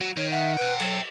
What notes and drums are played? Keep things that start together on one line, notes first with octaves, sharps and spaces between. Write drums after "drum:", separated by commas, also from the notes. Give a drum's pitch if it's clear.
F#3
D#3 C#5
E5 F#5
B4 E5 G5
F#3, drum: cymbal